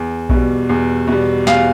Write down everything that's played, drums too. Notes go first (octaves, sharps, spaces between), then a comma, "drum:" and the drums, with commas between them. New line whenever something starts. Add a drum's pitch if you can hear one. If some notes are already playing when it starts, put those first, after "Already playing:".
Already playing: E2
B2 G3, drum: kick A#1
E2
B2 G3
E2 F5, drum: snare